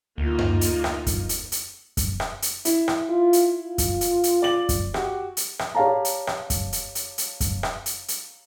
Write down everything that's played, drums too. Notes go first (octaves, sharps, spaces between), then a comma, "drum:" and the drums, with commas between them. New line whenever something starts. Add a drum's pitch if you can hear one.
D2 A#3 D#4 F4
drum: tom F#2
drum: hi-hat
drum: rim click
drum: kick F#2, hi-hat
drum: hi-hat
drum: hi-hat
drum: kick F#2, hi-hat
drum: rim click
drum: hi-hat
E4, drum: hi-hat
drum: rim click
F4
drum: hi-hat
F4
drum: kick F#2, hi-hat
drum: hi-hat
drum: hi-hat
D5 F#7
drum: kick F#2, hi-hat
F#4 G4, drum: rim click
drum: hi-hat
drum: rim click
G4 C#5 D5 F5 A5 A#5
drum: hi-hat
drum: rim click
drum: kick F#2, hi-hat
drum: hi-hat
drum: hi-hat
drum: hi-hat
drum: kick F#2, hi-hat
drum: rim click
drum: hi-hat
drum: hi-hat